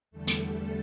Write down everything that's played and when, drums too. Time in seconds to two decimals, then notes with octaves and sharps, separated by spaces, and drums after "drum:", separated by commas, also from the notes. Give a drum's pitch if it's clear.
0.11 E2 D3 G3 A3 A4
0.27 drum: hi-hat